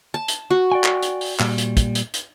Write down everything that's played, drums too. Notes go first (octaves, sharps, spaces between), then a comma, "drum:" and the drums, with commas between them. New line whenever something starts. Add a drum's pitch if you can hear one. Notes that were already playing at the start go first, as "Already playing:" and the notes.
A5
drum: hi-hat
F#4
D5 G5 G#5
drum: clap
drum: hi-hat
drum: open hi-hat
A#2 G3, drum: clap
drum: hi-hat
drum: kick, hi-hat
drum: hi-hat
drum: hi-hat